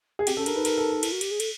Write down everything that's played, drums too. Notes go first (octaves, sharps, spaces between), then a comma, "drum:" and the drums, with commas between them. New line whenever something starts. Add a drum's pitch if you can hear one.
G#4
C4 G4, drum: cymbal
C#4 A4
D4 A#4, drum: cymbal
D#4 B4
A#4, drum: cymbal
A4
A#4
E4, drum: cymbal
F#4
G4, drum: cymbal
G#4
A4, drum: cymbal